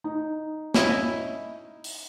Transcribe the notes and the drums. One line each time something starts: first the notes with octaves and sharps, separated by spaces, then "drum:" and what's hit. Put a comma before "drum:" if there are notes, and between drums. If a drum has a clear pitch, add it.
D#4
C#4 E4 D#5, drum: snare
drum: open hi-hat